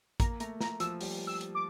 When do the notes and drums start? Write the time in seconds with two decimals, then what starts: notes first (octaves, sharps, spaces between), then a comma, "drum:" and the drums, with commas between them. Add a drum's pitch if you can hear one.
0.20 A#3 A#5, drum: kick, hi-hat
0.40 A3 A#5, drum: hi-hat
0.61 A#5, drum: snare
0.80 F3 E6, drum: hi-hat
1.01 G3, drum: open hi-hat
1.27 E6
1.41 drum: hi-hat
1.55 D6